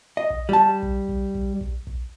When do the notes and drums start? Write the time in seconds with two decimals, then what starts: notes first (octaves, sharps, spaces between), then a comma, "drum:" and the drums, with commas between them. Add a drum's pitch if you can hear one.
0.17 D#5
0.30 drum: kick
0.49 G3 A5
0.82 drum: kick
1.09 drum: kick
1.35 drum: kick
1.61 drum: kick
1.87 drum: kick